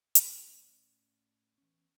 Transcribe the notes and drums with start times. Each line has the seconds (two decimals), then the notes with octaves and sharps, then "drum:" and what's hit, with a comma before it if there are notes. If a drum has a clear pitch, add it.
0.15 A#2, drum: hi-hat
0.48 A2 C#4 D5
1.58 E2 C#4